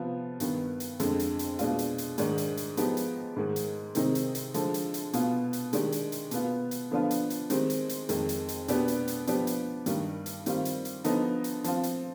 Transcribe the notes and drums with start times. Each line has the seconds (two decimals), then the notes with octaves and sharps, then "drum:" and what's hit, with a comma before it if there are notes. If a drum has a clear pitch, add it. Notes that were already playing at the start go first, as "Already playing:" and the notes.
Already playing: C3 F3 B3 F4
0.40 G2 D#3 B3, drum: hi-hat
0.80 drum: hi-hat
1.00 F2 D3 G#3, drum: hi-hat
1.19 drum: hi-hat
1.39 drum: hi-hat
1.59 B2 G#3 D4 F4, drum: hi-hat
1.79 drum: hi-hat
1.98 drum: hi-hat
2.18 G#2 D#3 G#3 D4, drum: hi-hat
2.38 drum: hi-hat
2.57 drum: hi-hat
2.77 F3 G#3 B3 D#4 G4, drum: hi-hat
2.97 drum: hi-hat
3.36 G#2 D#3 G#3
3.56 drum: hi-hat
3.95 C3 D#3 G#3 C4 D#4, drum: hi-hat
4.15 drum: hi-hat
4.35 drum: hi-hat
4.54 D3 F3 G#3, drum: hi-hat
4.74 drum: hi-hat
4.94 drum: hi-hat
5.13 B2 B3 F4, drum: hi-hat
5.53 drum: hi-hat
5.73 D#3 G#3 D4 G4, drum: hi-hat
5.92 drum: hi-hat
6.12 drum: hi-hat
6.31 B2 B3 F4, drum: hi-hat
6.71 drum: hi-hat
6.91 D3 F3 B3 D4 F4
7.11 drum: hi-hat
7.30 drum: hi-hat
7.50 D#3 G#3 C4 G4, drum: hi-hat
7.70 drum: hi-hat
7.89 drum: hi-hat
8.09 F2 D#3 G#3, drum: hi-hat
8.29 drum: hi-hat
8.49 drum: hi-hat
8.68 B2 B3 D4 G4, drum: hi-hat
8.88 drum: hi-hat
9.08 drum: hi-hat
9.27 F3 B3 D4 G4, drum: hi-hat
9.47 drum: hi-hat
9.86 G2 D#3 G3, drum: hi-hat
10.26 drum: hi-hat
10.46 D#3 G3 C4 F4, drum: hi-hat
10.65 drum: hi-hat
10.85 drum: hi-hat
11.04 D3 F3 B3 D#4, drum: hi-hat
11.44 drum: hi-hat
11.64 F3 C4 F4, drum: hi-hat
11.83 drum: hi-hat